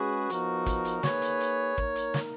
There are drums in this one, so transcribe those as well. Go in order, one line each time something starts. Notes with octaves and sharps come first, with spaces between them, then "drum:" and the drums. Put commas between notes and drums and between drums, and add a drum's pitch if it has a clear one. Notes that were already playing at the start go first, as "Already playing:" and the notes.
Already playing: G#3 C#4 F#4 G#4 B4
F3 B3 D#4 A#4, drum: hi-hat
drum: kick, hi-hat
drum: hi-hat
A#3 D#4 G#4 B4 C#5, drum: snare
drum: hi-hat
drum: hi-hat
A#3 D#4 A#4, drum: kick
drum: hi-hat
drum: snare